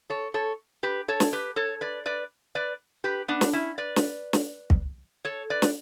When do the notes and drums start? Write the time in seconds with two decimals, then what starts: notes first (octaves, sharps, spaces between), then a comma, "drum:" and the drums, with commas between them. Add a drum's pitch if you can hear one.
0.10 A4 C#5
0.34 A4 C#5
0.83 G4 B4
1.08 A4 C#5
1.20 drum: snare
1.33 G4 B4
1.56 A4 C#5
1.81 B4 D5
2.06 B4 D5
2.55 B4 D5
3.04 G4 B4
3.28 B3 D4
3.41 drum: snare
3.53 C#4 E4
3.78 B4 D5
3.96 drum: snare
4.33 drum: snare
4.70 drum: kick
5.25 A4 C#5
5.50 B4 D5
5.62 drum: snare